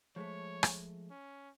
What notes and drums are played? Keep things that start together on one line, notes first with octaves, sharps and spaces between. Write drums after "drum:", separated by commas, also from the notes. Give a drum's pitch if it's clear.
F3 G#3 A3 C#5
drum: rim click
C#4